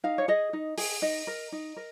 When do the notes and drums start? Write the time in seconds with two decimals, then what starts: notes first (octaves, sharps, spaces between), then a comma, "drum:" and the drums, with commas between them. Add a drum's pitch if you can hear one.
0.04 D#4 F5
0.18 C#5
0.28 G#4 D#5
0.53 D#4
0.78 G#4, drum: open hi-hat
1.02 D#4 D#5
1.27 A#4
1.52 D#4
1.76 A#4